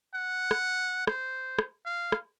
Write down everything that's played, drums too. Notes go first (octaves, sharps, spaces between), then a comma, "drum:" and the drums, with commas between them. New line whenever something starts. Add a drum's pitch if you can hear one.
F#5
drum: rim click
C5, drum: rim click
drum: rim click
F5
drum: rim click